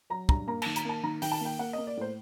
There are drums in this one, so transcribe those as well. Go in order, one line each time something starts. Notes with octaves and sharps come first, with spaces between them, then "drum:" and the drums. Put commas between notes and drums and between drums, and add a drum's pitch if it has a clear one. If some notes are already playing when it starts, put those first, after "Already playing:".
F#3 A#5
G2 A#5, drum: kick
A#3 A#5
D#3 A5, drum: cymbal
A#5, drum: hi-hat
A#3 A5
D#3 A#5
D#3 G5, drum: open hi-hat
A5
A#3 G5
A#3 F#5
A#3 D#5
D5
A2 C5